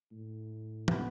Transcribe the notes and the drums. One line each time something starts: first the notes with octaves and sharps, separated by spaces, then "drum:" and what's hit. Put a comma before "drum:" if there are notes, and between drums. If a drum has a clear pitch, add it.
A2
B3, drum: tom